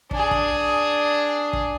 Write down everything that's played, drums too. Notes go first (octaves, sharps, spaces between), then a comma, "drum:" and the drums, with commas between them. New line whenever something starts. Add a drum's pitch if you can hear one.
D4 G#4, drum: kick
drum: kick
drum: kick